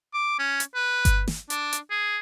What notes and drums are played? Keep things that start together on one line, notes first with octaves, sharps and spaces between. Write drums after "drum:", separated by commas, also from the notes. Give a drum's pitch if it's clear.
D6
C#4
drum: hi-hat
B4
drum: kick G1, hi-hat
drum: snare
D4, drum: hi-hat
drum: hi-hat
G#4